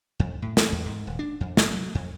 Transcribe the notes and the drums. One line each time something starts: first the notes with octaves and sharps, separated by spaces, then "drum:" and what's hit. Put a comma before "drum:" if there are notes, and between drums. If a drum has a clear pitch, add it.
F2
A2
A3, drum: snare
E2
G#2
D#1
D4
F2
C3, drum: snare
F#3
F2